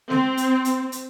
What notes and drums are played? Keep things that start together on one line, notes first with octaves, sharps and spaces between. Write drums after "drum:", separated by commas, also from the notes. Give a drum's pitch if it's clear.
C4, drum: snare G#3
drum: hi-hat
drum: hi-hat
drum: hi-hat